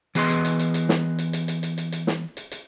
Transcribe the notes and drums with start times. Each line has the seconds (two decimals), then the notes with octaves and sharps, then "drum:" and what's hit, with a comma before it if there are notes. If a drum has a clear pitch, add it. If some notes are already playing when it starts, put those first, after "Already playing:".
0.15 E3 B3 G#4 B4 D#5 C6, drum: hi-hat
0.30 drum: hi-hat
0.45 drum: hi-hat
0.59 drum: hi-hat
0.74 drum: hi-hat
0.89 drum: snare
1.19 drum: hi-hat
1.33 drum: hi-hat
1.48 drum: hi-hat
1.63 drum: hi-hat
1.78 drum: hi-hat
1.92 drum: hi-hat
2.07 drum: snare
2.37 drum: hi-hat
2.52 drum: hi-hat